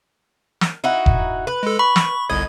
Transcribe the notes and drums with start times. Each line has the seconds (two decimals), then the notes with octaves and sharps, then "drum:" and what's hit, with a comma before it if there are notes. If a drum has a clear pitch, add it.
0.61 drum: snare
0.84 D#4 E4 F#4
1.06 drum: kick E1
1.47 B4
1.63 G#3 A4
1.79 B5 C#6
1.96 drum: snare
2.30 G1 C2 D#5 G#6